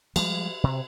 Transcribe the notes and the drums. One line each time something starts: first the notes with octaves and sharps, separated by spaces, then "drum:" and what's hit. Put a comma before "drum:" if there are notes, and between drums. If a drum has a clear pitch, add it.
F3 G3 G#3, drum: cymbal
C3